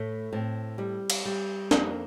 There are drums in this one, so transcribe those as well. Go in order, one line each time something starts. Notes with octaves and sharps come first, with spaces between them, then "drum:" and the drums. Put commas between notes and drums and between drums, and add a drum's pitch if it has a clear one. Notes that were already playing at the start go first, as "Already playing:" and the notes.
Already playing: A2 A3
A2 C4
G3
drum: cymbal
G3
F2 A#3, drum: snare